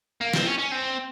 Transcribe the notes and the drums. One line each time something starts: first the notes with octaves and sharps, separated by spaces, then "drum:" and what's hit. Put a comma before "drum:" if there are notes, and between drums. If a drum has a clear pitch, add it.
A#3
C4, drum: snare
C#4
C#4
C4